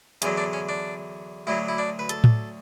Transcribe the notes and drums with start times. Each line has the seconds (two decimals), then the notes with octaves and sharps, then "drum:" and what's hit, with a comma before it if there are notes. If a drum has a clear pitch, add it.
0.22 E2 D3 F#3 C#4, drum: hi-hat
0.38 D4
0.53 C#4
0.69 D4
1.47 D2 D3 F#3 E4
1.69 E4
1.78 D4
1.99 B4
2.09 A4, drum: hi-hat
2.24 drum: tom A2